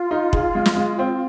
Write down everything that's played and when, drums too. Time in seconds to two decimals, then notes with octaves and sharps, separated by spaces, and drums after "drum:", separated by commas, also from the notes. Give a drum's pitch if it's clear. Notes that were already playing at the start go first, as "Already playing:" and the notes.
Already playing: F4
0.11 D#4
0.33 G#4, drum: kick
0.55 G#3
0.66 drum: snare
0.76 G#3
0.99 C4